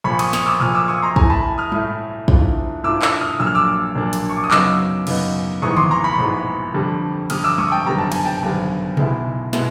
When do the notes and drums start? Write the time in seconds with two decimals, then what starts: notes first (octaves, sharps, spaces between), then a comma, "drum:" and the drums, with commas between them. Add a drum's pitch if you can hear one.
0.04 A#1 A#2 F3 B5 C#6
0.19 C#6 D#6, drum: cymbal
0.33 C#6 D#6, drum: snare
0.46 D6 E6
0.60 A#1 A#2 F3 D#6 F6
0.75 D6 E6
0.88 C#6 D#6
1.02 A#5 C6
1.16 A2 E3 A3 G#5 A#5, drum: kick
1.30 A5 B5
1.58 D#6 F6
1.72 A2 E3 A3, drum: tom G3
2.28 G#2 E3 A3 D4 F4, drum: kick
2.83 G#2 E3 A3 D4 F4 D6 E6
3.02 D6 E6, drum: clap
3.21 D#6 F6
3.39 A#1 A#2 F#3 A#3 D4 E6
3.47 F6
3.55 D6 E6
3.95 A#1 A#2 F#3 A#3 D4
4.13 drum: hi-hat
4.30 C#6
4.36 D6
4.44 D#6
4.51 F#2 C#3 F#3 B3 D#4 D6 E6, drum: clap
5.07 F#2 C#3 F#3 B3 D#4, drum: cymbal
5.62 A#1 G#2 E3 G#3 B3 C#6 D#6
5.77 C6 D6, drum: tom D3
5.91 A#5 C6
6.04 B5 C#6
6.18 A#1 G#2 E3 G#3 B3
6.74 F2 D3 G3
7.30 F2 D3 G3 D#6 F6, drum: cymbal
7.44 D6 E6
7.58 C#6 D#6, drum: tom G3
7.72 G5 A5
7.86 G#1 F#2 D3 G3 B3 A#5
7.98 A5
8.12 G#5, drum: cymbal
8.25 G5 A5
8.42 G#1 F#2 D3 G3 B3
8.97 B1 B2 G#3 B3 E4, drum: tom C3
9.53 B2 G#3 B3 E4, drum: snare